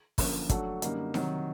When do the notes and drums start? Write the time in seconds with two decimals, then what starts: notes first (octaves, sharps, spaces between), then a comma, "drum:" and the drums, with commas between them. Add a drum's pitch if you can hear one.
0.18 F#2 D3 F3 A#3, drum: kick, open hi-hat
0.49 F#3 A3 D4 F#4 A4, drum: kick, hi-hat
0.82 F#2 D3 G3 A#3 D#4, drum: hi-hat
1.14 C3 D#3 F#3, drum: snare D#4